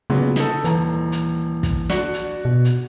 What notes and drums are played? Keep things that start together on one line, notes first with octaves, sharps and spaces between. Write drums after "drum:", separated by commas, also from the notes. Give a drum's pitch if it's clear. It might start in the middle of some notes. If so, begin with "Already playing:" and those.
A#2 C#3 F#3 B3
D#4 A4, drum: snare
D#1 E3 A#5, drum: hi-hat
drum: hi-hat
drum: kick, hi-hat
D4 F#4 C#7, drum: snare
drum: hi-hat
B2
drum: hi-hat